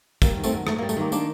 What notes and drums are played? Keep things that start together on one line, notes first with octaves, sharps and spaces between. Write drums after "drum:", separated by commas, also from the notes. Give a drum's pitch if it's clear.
G3 A#3, drum: kick, tambourine
D#3
A3 C4, drum: tambourine
F#2
F#2 A3, drum: rim click
A#3
G3
A3, drum: tambourine
D#3 A#3
A#3 D4, drum: tambourine